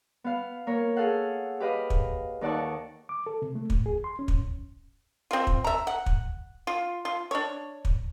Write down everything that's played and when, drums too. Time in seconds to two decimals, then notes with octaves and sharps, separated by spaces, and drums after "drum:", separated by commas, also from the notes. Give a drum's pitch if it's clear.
0.24 B3 F5
0.67 A#3 A#4 C#5
0.96 G#4 A4 F5 F#5
1.60 G4 B4 D#5 F5
1.90 drum: kick
2.41 D#2 D#4 D5 F#5 A5 C#6
3.09 D6
3.26 A4
3.42 C3
3.55 A3
3.70 A2, drum: kick
3.86 G#4
4.04 C6
4.19 C#4
4.28 drum: kick
5.31 C4 F4
5.47 drum: kick
5.64 E5 A#5
5.87 F#5
6.06 drum: kick
6.67 F4
7.05 F4
7.31 D4 C#5
7.85 drum: kick